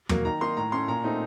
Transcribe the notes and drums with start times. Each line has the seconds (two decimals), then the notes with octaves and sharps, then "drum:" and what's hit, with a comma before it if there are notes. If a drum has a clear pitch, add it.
0.09 F#3 A#3, drum: tom
0.25 D#3 A#5
0.41 A#3 D#4 C6
0.57 A2 A#5
0.72 A3 C#4 C6
0.88 A#2 A#5
1.04 A3 C4 D#4